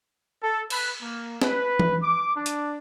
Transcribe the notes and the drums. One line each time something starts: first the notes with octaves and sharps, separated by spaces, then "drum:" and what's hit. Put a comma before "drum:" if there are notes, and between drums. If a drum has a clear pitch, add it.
A4
B4, drum: cymbal
A#3
B4, drum: snare
drum: tom E3
D6
D4
drum: hi-hat